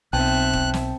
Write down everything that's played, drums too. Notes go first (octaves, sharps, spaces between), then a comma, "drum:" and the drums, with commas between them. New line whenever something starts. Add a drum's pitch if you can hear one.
B1 C4 E5 G5 A5 F#6
drum: kick D#1
drum: snare